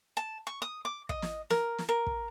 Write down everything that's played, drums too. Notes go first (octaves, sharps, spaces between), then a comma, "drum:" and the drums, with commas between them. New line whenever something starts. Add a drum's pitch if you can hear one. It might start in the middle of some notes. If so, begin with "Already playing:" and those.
A5
C#6
D#6
D6
D#5, drum: kick
drum: snare
A#4, drum: snare
drum: snare
A#4
drum: kick